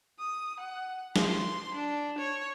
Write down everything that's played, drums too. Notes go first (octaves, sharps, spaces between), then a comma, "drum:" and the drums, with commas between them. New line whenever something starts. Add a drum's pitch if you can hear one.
D#6
F#5
C6, drum: snare
D4
C#5